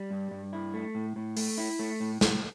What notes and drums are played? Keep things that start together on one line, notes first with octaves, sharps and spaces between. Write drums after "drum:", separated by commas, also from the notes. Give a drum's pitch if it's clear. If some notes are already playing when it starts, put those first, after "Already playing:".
Already playing: G3
G2
G2
E4
A3
A2
A2
A3, drum: open hi-hat
E4
A3
A2
A2, drum: snare